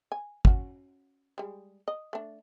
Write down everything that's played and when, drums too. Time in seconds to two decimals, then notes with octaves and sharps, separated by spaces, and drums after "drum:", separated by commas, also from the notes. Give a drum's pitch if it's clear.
0.12 G#5
0.45 C#4 F#4, drum: kick
1.38 G3 G#3
1.88 D#5
2.13 A3 D4